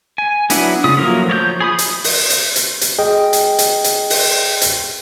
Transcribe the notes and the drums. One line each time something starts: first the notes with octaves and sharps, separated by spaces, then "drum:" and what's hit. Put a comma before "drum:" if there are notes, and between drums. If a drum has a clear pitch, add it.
G#5
F#3 B3 D4 E4 F#5, drum: hi-hat
C#3 F4 D#6
F3 F#3 A3 A#3 A#4
F3 C#5 D5 G6
G#4 B5 D#6
drum: hi-hat
drum: open hi-hat
drum: hi-hat
drum: hi-hat
drum: hi-hat
G#4 D#5 G5
drum: hi-hat
drum: hi-hat
drum: hi-hat
drum: open hi-hat
drum: hi-hat